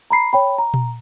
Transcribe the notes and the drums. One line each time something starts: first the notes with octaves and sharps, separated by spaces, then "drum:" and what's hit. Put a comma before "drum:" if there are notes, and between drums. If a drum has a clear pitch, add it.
A#5 B5 C7
C#5 G5 B5
A#5
drum: tom A#2